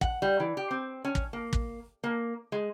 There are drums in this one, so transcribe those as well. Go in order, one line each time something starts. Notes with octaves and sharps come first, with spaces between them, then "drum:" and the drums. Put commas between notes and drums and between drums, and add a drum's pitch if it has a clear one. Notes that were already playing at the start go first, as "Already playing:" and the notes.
F#5, drum: kick
G3
E3
G4
C4
C#4
drum: kick
A#3
drum: kick
A#3
G#3